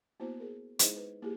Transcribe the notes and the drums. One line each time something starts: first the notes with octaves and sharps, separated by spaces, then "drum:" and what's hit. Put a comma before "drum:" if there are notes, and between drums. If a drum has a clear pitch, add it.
A#3 B3 E4 F#4 C5
G#4 A#4
G#3 D#4 E4 G#4 C5 D#5, drum: hi-hat
B4
A#3 E4 G4 G#4